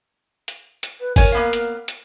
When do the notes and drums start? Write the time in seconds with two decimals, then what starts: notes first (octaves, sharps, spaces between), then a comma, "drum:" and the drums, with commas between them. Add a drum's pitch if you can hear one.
0.48 drum: hi-hat
0.83 drum: hi-hat
1.01 B4
1.16 A#4 C#5 G#5, drum: kick, open hi-hat
1.32 A#3 B3 F5
1.53 drum: hi-hat
1.88 drum: hi-hat